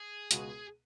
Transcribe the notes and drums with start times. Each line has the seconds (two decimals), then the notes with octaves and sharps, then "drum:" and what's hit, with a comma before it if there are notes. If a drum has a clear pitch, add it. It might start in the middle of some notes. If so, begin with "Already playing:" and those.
Already playing: G#4
0.31 C#2 B2 G#3 B3 F#4, drum: hi-hat